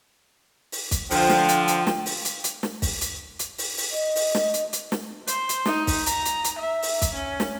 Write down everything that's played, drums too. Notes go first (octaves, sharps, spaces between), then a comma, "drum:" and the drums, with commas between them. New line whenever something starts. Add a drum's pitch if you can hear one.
drum: open hi-hat
drum: kick, hi-hat
D3 F3 G5, drum: open hi-hat
drum: snare
drum: hi-hat
drum: hi-hat
drum: snare
drum: open hi-hat
drum: hi-hat
drum: hi-hat
drum: snare
drum: kick, open hi-hat
drum: hi-hat
drum: hi-hat
drum: open hi-hat
drum: open hi-hat
D#5
drum: open hi-hat
drum: snare
drum: hi-hat
drum: hi-hat
drum: snare
C5, drum: hi-hat
drum: hi-hat
D#4, drum: snare
drum: kick, open hi-hat
A#5, drum: hi-hat
drum: hi-hat
drum: hi-hat
E5
drum: open hi-hat
drum: kick, hi-hat
C#4
drum: snare